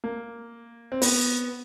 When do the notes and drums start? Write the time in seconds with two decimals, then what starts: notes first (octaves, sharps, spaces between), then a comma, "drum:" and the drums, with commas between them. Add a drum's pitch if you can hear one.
0.04 A#3
0.92 C4
1.02 B3, drum: open hi-hat